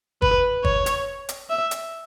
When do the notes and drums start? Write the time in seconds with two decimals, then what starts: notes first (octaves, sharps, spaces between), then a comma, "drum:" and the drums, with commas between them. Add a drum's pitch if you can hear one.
0.22 B4, drum: kick
0.65 C#5, drum: kick
0.86 drum: hi-hat
1.29 drum: hi-hat
1.50 E5
1.71 drum: hi-hat